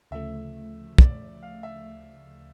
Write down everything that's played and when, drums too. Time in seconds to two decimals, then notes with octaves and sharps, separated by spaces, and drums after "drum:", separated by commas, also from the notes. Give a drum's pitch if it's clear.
0.11 D2 C#3 F3 A3 E5
0.98 D5, drum: kick
1.43 F5
1.63 E5